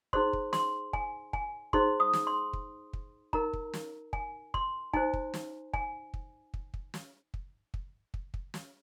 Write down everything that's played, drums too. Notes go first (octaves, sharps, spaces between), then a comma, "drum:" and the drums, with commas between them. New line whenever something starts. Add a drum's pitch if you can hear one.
D#4 G#4 C5 C6, drum: kick
drum: kick
C6, drum: snare
G#5, drum: kick
G#5, drum: kick
D#4 G#4 C5 C6, drum: kick
D#6
drum: snare
C6
drum: kick
drum: kick
D#4 A#4 A#5, drum: kick
drum: kick
drum: snare
G#5, drum: kick
C6, drum: kick
D#4 C5 G#5, drum: kick
drum: kick
drum: snare
G#5, drum: kick
drum: kick
drum: kick
drum: kick
drum: snare
drum: kick
drum: kick
drum: kick
drum: kick
drum: snare